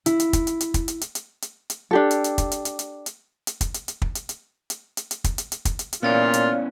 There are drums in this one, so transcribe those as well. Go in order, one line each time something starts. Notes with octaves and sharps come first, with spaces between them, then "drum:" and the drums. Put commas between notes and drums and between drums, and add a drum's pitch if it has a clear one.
E4, drum: hi-hat
drum: hi-hat
drum: kick, hi-hat
drum: hi-hat
drum: hi-hat
drum: kick, hi-hat
drum: hi-hat
drum: hi-hat
drum: hi-hat
drum: hi-hat
drum: hi-hat
D4 G4 A4
drum: hi-hat
drum: hi-hat
drum: kick, hi-hat
drum: hi-hat
drum: hi-hat
drum: hi-hat
drum: hi-hat
drum: hi-hat
drum: kick, hi-hat
drum: hi-hat
drum: hi-hat
drum: kick
drum: hi-hat
drum: hi-hat
drum: hi-hat
drum: hi-hat
drum: hi-hat
drum: kick, hi-hat
drum: hi-hat
drum: hi-hat
drum: kick, hi-hat
drum: hi-hat
drum: hi-hat
A#2 B3 C#4 E4 F4 C#5 D5 F5
drum: hi-hat